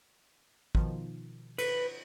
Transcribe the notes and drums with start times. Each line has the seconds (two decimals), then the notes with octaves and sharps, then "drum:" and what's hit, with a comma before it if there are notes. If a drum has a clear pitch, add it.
0.75 B2 D#3 F3, drum: kick
1.58 B4, drum: cymbal